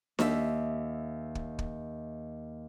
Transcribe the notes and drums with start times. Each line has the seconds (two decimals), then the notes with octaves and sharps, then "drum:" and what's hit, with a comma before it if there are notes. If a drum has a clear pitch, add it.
0.19 D#2 E5, drum: snare D4
1.35 drum: kick
1.59 drum: kick